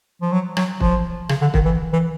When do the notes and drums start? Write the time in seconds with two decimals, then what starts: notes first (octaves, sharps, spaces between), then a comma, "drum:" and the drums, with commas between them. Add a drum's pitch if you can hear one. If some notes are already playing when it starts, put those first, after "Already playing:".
0.22 F3
0.32 F#3
0.57 F#3, drum: rim click
0.80 F3, drum: kick
1.29 C#3, drum: rim click
1.41 D3
1.54 D#3, drum: kick
1.65 E3
1.93 E3